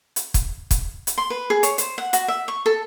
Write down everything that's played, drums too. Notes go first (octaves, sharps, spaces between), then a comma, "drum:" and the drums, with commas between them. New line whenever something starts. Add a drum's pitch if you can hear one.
drum: hi-hat
drum: kick, hi-hat
drum: kick, hi-hat
drum: hi-hat
C6
B4
G#4
C#5, drum: hi-hat
C5, drum: hi-hat
F#5
F#4, drum: hi-hat
E5
C#6
A4